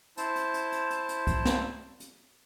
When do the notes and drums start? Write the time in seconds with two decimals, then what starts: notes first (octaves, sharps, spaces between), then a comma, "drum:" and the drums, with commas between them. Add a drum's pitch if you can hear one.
0.17 E4 C5 A5, drum: hi-hat
0.36 drum: hi-hat
0.54 drum: hi-hat
0.72 drum: hi-hat
0.90 drum: hi-hat
1.09 drum: hi-hat
1.27 drum: kick C2, hi-hat
1.45 drum: snare
2.00 drum: hi-hat